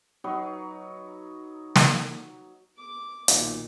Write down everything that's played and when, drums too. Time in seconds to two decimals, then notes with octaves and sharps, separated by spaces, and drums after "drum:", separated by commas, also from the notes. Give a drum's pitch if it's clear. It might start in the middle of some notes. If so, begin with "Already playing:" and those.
0.24 F#3 D#4 B4 C#6
1.76 drum: snare
2.77 D6
3.28 B1 A#2 D#3, drum: hi-hat